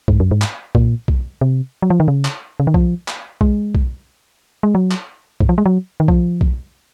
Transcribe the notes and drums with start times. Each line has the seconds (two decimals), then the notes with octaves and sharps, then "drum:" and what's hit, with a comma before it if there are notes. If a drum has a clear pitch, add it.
0.08 G#2, drum: kick B1
0.20 F#2
0.31 G#2
0.42 drum: clap
0.75 A#2, drum: kick B1
1.08 drum: kick B1
1.41 C3
1.82 F#3
1.90 F3
2.00 D#3
2.08 C#3
2.25 drum: clap
2.60 C#3
2.67 D#3
2.74 F3, drum: kick B1
3.08 drum: clap
3.41 G#3, drum: kick B1
3.75 drum: kick B1
4.63 G#3
4.75 F#3
4.91 drum: clap
5.40 G#2, drum: kick B1
5.49 F3
5.58 G#3
5.66 F#3
6.00 D#3
6.08 F3, drum: kick B1
6.41 drum: kick B1